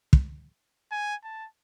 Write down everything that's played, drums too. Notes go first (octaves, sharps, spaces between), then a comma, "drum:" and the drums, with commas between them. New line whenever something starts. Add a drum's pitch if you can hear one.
drum: kick
G#5
A5